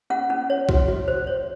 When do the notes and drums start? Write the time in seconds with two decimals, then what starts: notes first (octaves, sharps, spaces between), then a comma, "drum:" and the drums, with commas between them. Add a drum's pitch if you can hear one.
0.10 C#4 F#5
0.30 C#4
0.50 C#5
0.69 F#4, drum: kick
0.88 F#4
1.08 C5
1.27 C#5